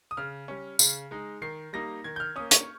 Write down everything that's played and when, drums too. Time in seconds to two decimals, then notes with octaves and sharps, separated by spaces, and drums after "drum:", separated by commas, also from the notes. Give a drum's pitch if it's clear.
0.11 D#6
0.17 C#3 F6
0.48 G3 C#4
0.79 C#3, drum: tambourine
1.11 G#3 D#4
1.42 D#3 C7
1.73 G3 A#3 D#4 A#6
2.04 D#3 G#6
2.16 G6
2.20 F6
2.36 A#3 C#4 D#6
2.51 C#6, drum: hi-hat